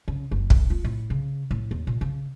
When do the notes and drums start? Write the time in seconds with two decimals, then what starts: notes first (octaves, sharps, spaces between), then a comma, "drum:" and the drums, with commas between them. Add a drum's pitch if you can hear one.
0.08 C#3
0.31 F#1
0.50 B1, drum: kick
0.70 F4
0.84 A2
1.10 C#3
1.51 A2
1.71 D#2
1.87 A#2
2.01 C#3